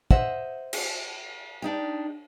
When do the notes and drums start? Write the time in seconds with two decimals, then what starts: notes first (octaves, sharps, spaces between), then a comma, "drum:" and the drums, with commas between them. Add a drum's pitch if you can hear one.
0.11 C5 D#5 E5 F#5, drum: kick
0.73 drum: cymbal
1.62 D4 D#4 G4